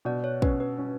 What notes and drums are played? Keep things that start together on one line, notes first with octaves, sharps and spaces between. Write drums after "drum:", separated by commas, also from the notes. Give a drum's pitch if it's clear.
B2 D5
C#5
C#4 B4, drum: kick
B4
C#4